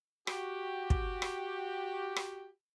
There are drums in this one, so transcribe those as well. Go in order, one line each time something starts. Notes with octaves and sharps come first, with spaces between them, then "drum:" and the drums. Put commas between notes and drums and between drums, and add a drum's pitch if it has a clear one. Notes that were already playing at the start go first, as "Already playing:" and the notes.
F#4 G4, drum: rim click
drum: kick
drum: rim click
drum: rim click